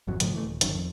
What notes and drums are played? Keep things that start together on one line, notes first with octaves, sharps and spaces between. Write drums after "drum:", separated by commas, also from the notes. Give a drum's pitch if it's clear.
G#1 F2 F#3
G#2 C#3 F3 A3, drum: hi-hat
E3 A3
D#1
G1 F#2 D#3, drum: hi-hat
F2